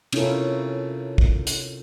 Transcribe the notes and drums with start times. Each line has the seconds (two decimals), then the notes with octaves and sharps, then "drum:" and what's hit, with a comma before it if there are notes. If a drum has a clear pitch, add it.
0.13 C3 C#4 E4 F4 A4 A#4, drum: cymbal
1.18 drum: kick
1.47 drum: hi-hat